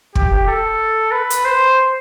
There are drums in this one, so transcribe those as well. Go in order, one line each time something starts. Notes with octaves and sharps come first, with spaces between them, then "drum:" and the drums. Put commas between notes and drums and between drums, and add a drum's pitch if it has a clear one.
G4, drum: kick
A4
B4
drum: hi-hat
C5